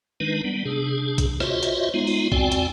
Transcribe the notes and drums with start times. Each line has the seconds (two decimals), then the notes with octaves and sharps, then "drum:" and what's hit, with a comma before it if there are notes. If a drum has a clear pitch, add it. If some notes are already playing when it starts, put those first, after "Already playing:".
0.20 D#3 G#3 D4 D#4 B4
0.44 G3 B3
0.66 C3 D4 G#4
1.18 drum: kick A#1, hi-hat
1.40 F4 F#4 C5 C#5 D#5 E5, drum: rim click
1.63 drum: hi-hat
1.94 G#3 B3 D#4 F4
2.07 drum: open hi-hat
2.32 E2 C4 F#4 D5 G5 G#5, drum: kick A#1
2.52 drum: hi-hat